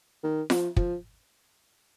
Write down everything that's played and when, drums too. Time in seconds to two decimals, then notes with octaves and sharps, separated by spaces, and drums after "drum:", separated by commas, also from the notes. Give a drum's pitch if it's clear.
0.24 D#3
0.50 F3, drum: snare F4
0.76 F3, drum: kick